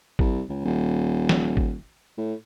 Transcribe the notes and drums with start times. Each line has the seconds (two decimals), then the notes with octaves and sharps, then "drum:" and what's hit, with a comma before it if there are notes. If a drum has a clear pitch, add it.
0.19 C2, drum: kick G#1
0.49 C#2
0.65 D#1
1.29 drum: snare
1.57 drum: kick G#1
2.17 A2